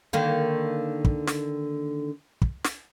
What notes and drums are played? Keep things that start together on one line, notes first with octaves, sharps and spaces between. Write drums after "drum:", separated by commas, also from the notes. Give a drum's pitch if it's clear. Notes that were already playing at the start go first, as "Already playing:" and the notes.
D3 D#3 A#3
drum: kick
drum: snare
drum: kick
drum: snare